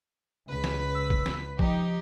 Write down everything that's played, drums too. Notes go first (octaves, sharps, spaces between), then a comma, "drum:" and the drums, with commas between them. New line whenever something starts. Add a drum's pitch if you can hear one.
C#2 B4 B6
drum: snare
E6
drum: kick A#1
drum: snare
F3 D#4 G4, drum: kick A#1